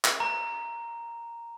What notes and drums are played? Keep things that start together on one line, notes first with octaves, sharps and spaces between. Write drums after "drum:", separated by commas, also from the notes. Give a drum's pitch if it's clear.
drum: clap
A#5